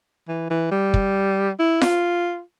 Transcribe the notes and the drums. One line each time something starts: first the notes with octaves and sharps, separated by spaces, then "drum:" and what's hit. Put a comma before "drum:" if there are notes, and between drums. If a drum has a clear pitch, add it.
E3
E3
G3
drum: kick
E4
F4, drum: snare F4